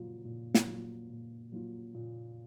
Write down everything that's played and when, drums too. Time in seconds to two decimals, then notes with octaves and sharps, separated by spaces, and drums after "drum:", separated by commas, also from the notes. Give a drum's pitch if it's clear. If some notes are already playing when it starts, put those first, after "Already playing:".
Already playing: A#2 F#3 A#3 F4
0.25 A#2
0.54 drum: snare
0.67 F#3 A#3 F4
1.10 A#2
1.52 F#3 A#3 F4
1.94 A#2